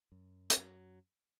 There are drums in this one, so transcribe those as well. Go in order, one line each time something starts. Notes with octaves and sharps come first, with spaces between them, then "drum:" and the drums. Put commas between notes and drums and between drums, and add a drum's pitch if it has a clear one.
F#2
E3, drum: hi-hat
F#2 F#3